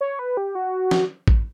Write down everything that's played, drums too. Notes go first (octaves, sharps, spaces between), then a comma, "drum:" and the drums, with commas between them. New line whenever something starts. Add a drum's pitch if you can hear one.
C#5
B4
G4
F#4
drum: snare
drum: kick A1